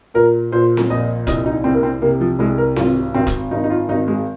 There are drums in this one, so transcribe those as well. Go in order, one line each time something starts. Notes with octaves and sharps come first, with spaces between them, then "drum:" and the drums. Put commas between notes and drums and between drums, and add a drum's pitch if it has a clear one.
A#2 A#4
A#2 C5
drum: snare C4
A#1 D#5
C2 D#5, drum: kick, hi-hat
D#4
C2 C4
A#3
C4
C3 A#3
F3
C2 G#3
A#4
G#1 F4, drum: snare C4
G#1 C4
drum: kick, hi-hat
G#1 D#4
D#4
F4
G#1 D#4
G#3